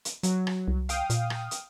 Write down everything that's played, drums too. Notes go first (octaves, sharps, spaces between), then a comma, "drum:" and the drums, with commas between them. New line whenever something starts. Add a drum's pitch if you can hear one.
drum: hi-hat
F#3, drum: hi-hat
drum: rim click
C2
F5 G5 D#6, drum: hi-hat
A#2, drum: hi-hat
drum: rim click
drum: hi-hat